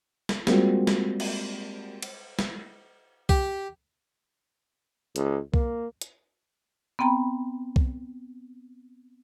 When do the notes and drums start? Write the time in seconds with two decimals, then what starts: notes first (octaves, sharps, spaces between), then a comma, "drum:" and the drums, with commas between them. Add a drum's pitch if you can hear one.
0.29 drum: snare
0.47 G3 G#3 A#3 C4 F4 F#4, drum: snare
0.87 drum: snare
1.20 drum: cymbal
2.02 drum: cymbal
2.39 drum: snare
3.29 G4, drum: kick C2
5.16 C#2, drum: hi-hat
5.54 A#3, drum: kick C2
6.02 drum: hi-hat
6.99 B3 C4 G5 A#5 B5
7.76 drum: kick C2